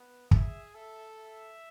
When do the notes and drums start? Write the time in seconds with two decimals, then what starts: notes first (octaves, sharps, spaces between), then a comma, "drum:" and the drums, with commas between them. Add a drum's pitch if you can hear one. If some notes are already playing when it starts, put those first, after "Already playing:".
Already playing: B3
0.31 G#4 E5, drum: kick
0.74 A4 E5
1.18 E5